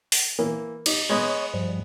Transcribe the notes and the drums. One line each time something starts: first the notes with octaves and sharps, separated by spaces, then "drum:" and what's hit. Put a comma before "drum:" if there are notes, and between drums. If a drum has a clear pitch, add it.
drum: open hi-hat
E3 A#3
D#4 G4, drum: cymbal
G#3 B3 C#5 D#5 C#6
G2 F3 G3